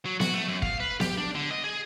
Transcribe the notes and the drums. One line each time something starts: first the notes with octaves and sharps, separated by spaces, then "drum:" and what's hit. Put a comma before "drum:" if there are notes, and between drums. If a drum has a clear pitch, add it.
F#3
F#4, drum: snare B3
A3
F#2
F5, drum: kick
B4
G4, drum: snare B3
D4
D3
D#5
G#4